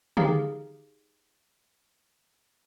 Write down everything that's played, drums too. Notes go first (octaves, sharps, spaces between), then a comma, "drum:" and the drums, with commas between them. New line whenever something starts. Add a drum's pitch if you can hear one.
D#4 G4 G#4 F5, drum: tom D3